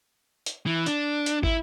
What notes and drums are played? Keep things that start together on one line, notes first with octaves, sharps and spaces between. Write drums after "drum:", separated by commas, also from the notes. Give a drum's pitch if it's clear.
drum: hi-hat
E3
D4, drum: hi-hat
drum: hi-hat
E4, drum: kick